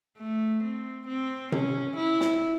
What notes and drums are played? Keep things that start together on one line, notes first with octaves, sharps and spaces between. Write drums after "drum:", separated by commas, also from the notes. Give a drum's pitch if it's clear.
A3
C4
C4
C#4, drum: tom C3
E4
drum: snare